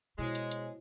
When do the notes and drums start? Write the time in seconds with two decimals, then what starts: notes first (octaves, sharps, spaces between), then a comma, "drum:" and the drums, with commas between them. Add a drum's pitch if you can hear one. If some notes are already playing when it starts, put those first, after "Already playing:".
0.18 B2 G#3 E4 F#4 C5 C#5 D#5
0.35 drum: hi-hat
0.51 drum: hi-hat